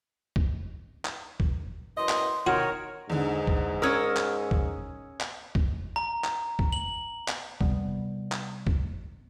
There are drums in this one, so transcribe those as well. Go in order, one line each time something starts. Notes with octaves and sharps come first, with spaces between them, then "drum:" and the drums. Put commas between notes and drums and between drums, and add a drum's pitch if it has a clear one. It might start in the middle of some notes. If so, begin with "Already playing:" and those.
drum: kick
drum: clap
drum: kick
F#2 E3 D#5 C6
drum: clap
D#3 F#4 A#4 C#5
E2 G#2 D3
drum: kick
C#4 A#4 D#6 E6 G#6
drum: clap
drum: kick
drum: clap
drum: kick
A#5
drum: clap
drum: kick
F#7
drum: clap
C3 G3 B3, drum: kick
drum: clap
drum: kick